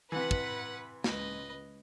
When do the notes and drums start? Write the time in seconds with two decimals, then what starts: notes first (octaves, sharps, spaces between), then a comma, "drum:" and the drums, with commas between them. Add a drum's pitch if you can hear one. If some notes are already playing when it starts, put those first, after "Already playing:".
0.12 C3 E3 B4 F#5 B6
0.31 drum: kick
1.04 C#2 B4 D#5, drum: snare